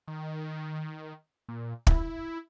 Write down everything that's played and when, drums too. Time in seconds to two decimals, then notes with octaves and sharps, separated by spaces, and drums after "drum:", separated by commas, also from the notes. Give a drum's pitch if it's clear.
0.08 D#3
1.49 A#2
1.87 E4, drum: kick